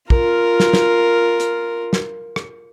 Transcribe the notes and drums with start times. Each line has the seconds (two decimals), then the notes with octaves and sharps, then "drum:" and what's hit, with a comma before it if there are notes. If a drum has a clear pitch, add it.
0.10 F4 A#4, drum: kick
0.60 drum: snare
0.73 drum: snare
1.40 drum: hi-hat
1.93 drum: snare
2.36 drum: rim click